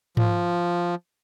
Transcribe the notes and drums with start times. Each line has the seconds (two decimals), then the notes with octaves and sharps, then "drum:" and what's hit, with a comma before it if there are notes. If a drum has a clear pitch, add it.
0.17 F3, drum: tom G#2